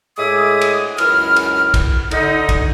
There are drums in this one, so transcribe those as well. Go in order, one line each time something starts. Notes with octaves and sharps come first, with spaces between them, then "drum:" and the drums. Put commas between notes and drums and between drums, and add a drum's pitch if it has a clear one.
A2 G#3 E5 G#5 D6 D#6
drum: cymbal
C#2 F#2 E4 F6, drum: cymbal
drum: cymbal
drum: kick, cymbal
D3 D#4, drum: cymbal
drum: kick, cymbal